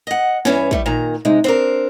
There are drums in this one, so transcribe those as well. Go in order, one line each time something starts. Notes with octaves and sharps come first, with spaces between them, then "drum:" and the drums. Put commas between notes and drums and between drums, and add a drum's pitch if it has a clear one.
D#5 F#5
G2 E3 C#4, drum: snare
G3 A3, drum: kick
A#2 D#3 A#5
C3 G#3 D#4
C4 D4 A#4